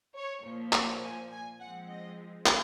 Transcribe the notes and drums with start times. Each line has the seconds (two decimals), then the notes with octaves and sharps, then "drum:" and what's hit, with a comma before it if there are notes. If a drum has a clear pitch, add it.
0.16 C#5
0.44 A#2 F3 A#3
0.73 C#5, drum: clap
1.02 G#5
1.30 G#5
1.59 F3 G#3 C4 F#5
1.89 D#5
2.46 drum: clap